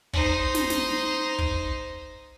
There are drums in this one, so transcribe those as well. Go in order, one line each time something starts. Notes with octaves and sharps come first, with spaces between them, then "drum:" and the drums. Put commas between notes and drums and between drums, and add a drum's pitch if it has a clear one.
D#4 C5, drum: kick
drum: snare
drum: snare
drum: kick